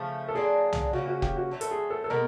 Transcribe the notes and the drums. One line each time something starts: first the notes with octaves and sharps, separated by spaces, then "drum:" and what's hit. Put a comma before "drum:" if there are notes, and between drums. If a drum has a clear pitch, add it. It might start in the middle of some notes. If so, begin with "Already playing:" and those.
Already playing: C#3 F3 A3
A4
D3 F#3 A#3 D4 G#4
drum: tom C2
C#3 F#3 A#3 C#4 F#4
F#4
G4, drum: kick
F#4
D3 F#3 A3
A4, drum: hi-hat
G#4
A4
A4
B2 G#3 B3 A#4